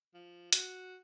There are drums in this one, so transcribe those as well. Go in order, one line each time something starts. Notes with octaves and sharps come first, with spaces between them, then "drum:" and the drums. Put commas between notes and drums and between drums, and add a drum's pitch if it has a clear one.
F3
F#4, drum: hi-hat